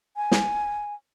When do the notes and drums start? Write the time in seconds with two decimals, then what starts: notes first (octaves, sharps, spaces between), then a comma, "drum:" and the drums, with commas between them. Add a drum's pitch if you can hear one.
0.16 G#5
0.31 drum: snare